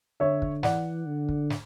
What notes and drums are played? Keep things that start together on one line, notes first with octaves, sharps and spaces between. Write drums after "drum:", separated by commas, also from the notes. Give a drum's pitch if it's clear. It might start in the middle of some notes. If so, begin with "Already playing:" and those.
D3 C#5 E5
drum: kick
E3 D5 F#5, drum: snare
D3
drum: kick
drum: snare